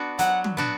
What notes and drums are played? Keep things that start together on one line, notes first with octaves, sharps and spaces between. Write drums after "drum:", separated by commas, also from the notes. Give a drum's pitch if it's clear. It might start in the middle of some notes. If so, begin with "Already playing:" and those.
Already playing: B3 D4 F#4
F#3 F#5, drum: hi-hat
drum: tom
B3 D4 F#4